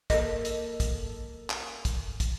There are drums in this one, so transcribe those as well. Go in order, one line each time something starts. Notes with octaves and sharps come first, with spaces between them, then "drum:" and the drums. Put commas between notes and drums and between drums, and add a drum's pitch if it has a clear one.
A#3 A4 D#5, drum: kick, hi-hat
drum: hi-hat
drum: kick, hi-hat
drum: clap
drum: kick, hi-hat
drum: kick, hi-hat